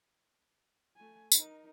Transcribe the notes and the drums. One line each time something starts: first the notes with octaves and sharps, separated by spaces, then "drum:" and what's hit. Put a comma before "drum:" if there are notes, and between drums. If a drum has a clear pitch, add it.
A3 G#5
D#4 A#4, drum: tambourine